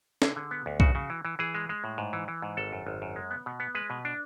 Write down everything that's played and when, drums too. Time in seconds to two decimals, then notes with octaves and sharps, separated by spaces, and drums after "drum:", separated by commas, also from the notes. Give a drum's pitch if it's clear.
0.22 D3 G#4, drum: snare
0.36 D3
0.51 B3
0.66 D2
0.80 C#3 F#4, drum: kick B1
0.95 C#3
1.10 E3
1.25 E3
1.39 E3 G#4
1.55 G#3
1.69 G#3
1.84 A2
1.98 G#2
2.13 E3
2.28 E3
2.42 G#2
2.57 G#1 A4
2.73 F#2
2.87 G#1
3.02 F#2
3.16 G#3
3.31 B3
3.46 B2
3.60 B3
3.75 G#3 B4
3.90 B2
4.05 D4